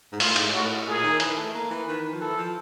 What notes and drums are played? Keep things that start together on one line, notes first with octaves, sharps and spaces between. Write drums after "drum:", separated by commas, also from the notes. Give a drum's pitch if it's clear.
G#2
A2 F4, drum: open hi-hat
G#2, drum: cymbal
A2 F#4
A#2 G#4
D#3
E3, drum: hi-hat
A3
A#3
E3
D#3 B4
F3
E3 A4
F3